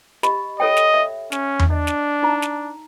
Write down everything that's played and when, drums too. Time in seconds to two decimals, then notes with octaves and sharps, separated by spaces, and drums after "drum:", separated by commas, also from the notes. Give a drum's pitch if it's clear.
0.23 G4 D#5 B5, drum: snare
0.60 A4 C#5 D#5 G5
0.77 drum: snare
0.94 E5
1.32 C#4, drum: snare
1.59 drum: tom E2
1.70 D4 D#5
1.87 drum: snare
2.23 D#4 A#5
2.42 drum: snare